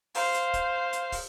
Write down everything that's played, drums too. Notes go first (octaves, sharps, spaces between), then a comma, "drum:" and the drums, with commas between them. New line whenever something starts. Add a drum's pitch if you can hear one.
C5 F5, drum: open hi-hat
drum: hi-hat
drum: kick, hi-hat
drum: hi-hat
drum: kick, open hi-hat